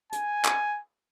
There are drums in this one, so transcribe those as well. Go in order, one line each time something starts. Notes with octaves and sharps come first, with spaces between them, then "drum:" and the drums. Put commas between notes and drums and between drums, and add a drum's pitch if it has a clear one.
G#5, drum: hi-hat
drum: clap